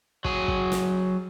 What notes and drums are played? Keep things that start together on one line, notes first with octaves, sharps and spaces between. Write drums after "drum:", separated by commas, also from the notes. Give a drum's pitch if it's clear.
F#3 G#4, drum: kick
drum: kick
drum: snare